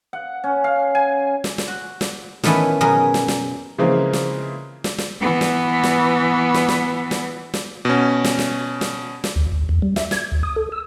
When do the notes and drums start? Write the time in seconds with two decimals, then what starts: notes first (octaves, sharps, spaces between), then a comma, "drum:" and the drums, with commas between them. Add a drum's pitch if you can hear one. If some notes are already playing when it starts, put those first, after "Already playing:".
0.13 F#5
0.44 C#4
0.64 F5
0.95 G#5
1.44 drum: snare
1.58 drum: snare
1.68 F#4
2.01 drum: snare
2.43 D#3 E3 A3 B3 C#4 E4, drum: snare
2.81 F#2 B2 C#4 G#4 A#4 G#5
3.14 drum: snare
3.28 drum: snare
3.78 C#3 E3 F3 G#3 A#3 C4
4.13 drum: snare
4.84 drum: snare
4.98 drum: snare
5.21 E3 B3
5.41 drum: snare
5.83 drum: snare
6.54 drum: snare
6.69 drum: snare
7.11 drum: snare
7.54 drum: snare
7.85 B2 C#4
8.24 drum: snare
8.39 drum: snare
8.81 drum: snare
9.24 drum: snare
9.36 D2
9.52 D2
9.69 E2
9.82 G3
9.96 E5, drum: snare
10.11 G#6, drum: snare
10.32 D2
10.43 D#6
10.56 A4
10.72 E6